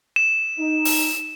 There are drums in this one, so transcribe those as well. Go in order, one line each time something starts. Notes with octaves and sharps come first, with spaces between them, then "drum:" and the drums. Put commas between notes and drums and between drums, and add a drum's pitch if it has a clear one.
E7
D#4
drum: open hi-hat